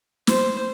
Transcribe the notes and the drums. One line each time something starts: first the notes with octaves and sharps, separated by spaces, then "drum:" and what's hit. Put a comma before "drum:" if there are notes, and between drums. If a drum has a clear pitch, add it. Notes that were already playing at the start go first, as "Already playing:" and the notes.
C5, drum: snare